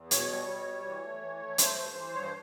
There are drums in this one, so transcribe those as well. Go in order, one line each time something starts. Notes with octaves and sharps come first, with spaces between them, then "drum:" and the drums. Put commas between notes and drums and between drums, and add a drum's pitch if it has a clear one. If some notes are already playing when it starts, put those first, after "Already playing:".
Already playing: E2
B2 C#5, drum: hi-hat
G3
B2
G3
E3
A3
E3
A3
A3 C5, drum: hi-hat
G2
E3
G2 C#5
C5